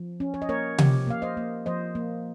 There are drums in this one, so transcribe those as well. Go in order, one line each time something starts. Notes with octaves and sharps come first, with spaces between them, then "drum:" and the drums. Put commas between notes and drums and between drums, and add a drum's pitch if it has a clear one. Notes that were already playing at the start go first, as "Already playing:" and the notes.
Already playing: F3
C#4
C#5
D#5
A#3 A#4 C#5
F3 G4, drum: tom C3
A#3 F5
C5 D#5
A#3
F3 C5 D#5
A#3